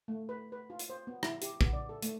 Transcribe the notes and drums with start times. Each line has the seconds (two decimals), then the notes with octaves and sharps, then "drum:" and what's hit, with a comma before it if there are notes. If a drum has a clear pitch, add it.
0.08 A3
0.29 B4
0.52 B4
0.70 F4
0.79 drum: hi-hat
0.90 C5
1.07 B3
1.23 E4, drum: rim click
1.42 G4, drum: hi-hat
1.61 B3, drum: kick
1.73 D5
1.89 A4
2.02 A3, drum: hi-hat